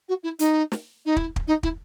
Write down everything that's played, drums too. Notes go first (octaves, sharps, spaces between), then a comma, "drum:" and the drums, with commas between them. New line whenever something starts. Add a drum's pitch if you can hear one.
F#4
E4
D#4, drum: hi-hat
drum: snare
D#4
E4, drum: kick
drum: kick
D#4
E4, drum: kick